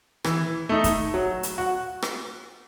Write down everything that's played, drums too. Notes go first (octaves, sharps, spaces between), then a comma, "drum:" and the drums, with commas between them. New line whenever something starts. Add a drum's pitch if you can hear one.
E3, drum: rim click
A3 D#4
drum: kick, hi-hat
F#3
drum: hi-hat
F#4
drum: rim click